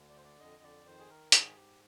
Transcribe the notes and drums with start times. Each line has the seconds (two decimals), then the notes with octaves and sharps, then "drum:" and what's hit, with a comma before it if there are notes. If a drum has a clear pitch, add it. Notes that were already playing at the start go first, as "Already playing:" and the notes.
Already playing: D2 D3
0.09 D5
0.16 C5
0.24 D5
0.40 F2 D#5
0.63 D5
0.86 D#3 C5
0.99 G#4
1.10 A#4
1.32 G#2 G#4, drum: hi-hat
1.55 G4